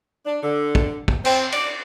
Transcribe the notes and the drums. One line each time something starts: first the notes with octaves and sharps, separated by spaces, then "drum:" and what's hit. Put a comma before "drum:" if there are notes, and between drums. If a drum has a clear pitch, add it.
D4
D3
drum: kick
drum: kick
C4, drum: cymbal
D5, drum: cymbal